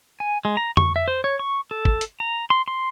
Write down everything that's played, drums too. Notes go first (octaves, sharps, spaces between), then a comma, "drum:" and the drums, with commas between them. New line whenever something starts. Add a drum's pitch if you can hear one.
G#5
G#3
A#5
C#6, drum: tom F2
E5
C5
C#5
C#6
A4
drum: kick
drum: hi-hat
A#5
C6
C6